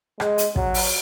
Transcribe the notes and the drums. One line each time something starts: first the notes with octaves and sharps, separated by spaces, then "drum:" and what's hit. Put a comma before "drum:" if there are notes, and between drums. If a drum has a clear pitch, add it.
G#3, drum: rim click
drum: hi-hat
F#3, drum: kick
drum: open hi-hat